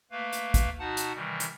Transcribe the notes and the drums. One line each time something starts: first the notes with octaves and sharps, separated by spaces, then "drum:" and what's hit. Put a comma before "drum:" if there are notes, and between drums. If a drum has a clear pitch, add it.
A3 A#3 B4 F5
drum: hi-hat
drum: kick, hi-hat
B2 D#4 F#4 F#5 A5
drum: hi-hat
C3 D#3 E3 G3
drum: hi-hat